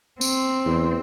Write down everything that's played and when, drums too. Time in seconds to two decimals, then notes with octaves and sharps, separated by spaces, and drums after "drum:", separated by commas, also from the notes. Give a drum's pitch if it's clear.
0.21 C4, drum: tambourine
0.65 E2